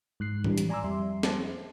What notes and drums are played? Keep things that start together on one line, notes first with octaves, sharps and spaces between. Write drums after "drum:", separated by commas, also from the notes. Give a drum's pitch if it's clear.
G#2 F#6 C7
E3 G3 D4, drum: tom A2
drum: hi-hat
D5 G#5 A#5 C6 D6 E6
F2 G3 E5 C6
drum: snare